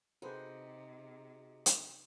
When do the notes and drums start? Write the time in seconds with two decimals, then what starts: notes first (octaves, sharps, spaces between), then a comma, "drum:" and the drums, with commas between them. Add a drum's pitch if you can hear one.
0.22 C3 D#4 F#4 G#4 A4 B4 C5
1.66 drum: hi-hat